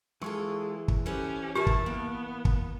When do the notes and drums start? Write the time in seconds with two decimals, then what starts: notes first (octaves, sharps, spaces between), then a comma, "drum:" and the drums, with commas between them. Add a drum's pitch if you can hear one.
0.22 E3 G#3 F4 G#4 A4 C#6
0.88 drum: kick
1.06 C#4 G4 A4 B4 C5
1.55 E4 G4 A#4 B4 E5 A5
1.67 drum: kick
1.86 A#3 B3
2.45 drum: kick